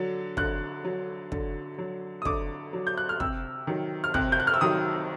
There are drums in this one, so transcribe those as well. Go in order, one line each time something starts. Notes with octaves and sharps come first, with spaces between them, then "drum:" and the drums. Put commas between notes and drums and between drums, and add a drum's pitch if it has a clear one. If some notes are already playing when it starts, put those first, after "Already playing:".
Already playing: D3 F#3
D3 F#6, drum: kick
F#3
D3, drum: kick
F#3
D#6
D3 D6, drum: kick
F#3
G6
F#6
F6
C3 E6, drum: kick
D#3 F#3
F6
C3 F#6, drum: kick
G6
F#6
F6
E6
D#3 F#3 D#6